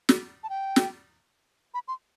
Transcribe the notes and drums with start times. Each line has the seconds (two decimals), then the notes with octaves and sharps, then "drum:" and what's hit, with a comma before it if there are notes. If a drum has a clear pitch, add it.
0.09 drum: snare
0.43 A5
0.50 G5
0.76 drum: snare
1.74 B5
1.88 C6